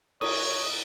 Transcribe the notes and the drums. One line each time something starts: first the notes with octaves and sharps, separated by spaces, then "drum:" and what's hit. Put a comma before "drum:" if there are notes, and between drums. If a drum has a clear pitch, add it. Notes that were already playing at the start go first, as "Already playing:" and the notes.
C#5 D#6, drum: cymbal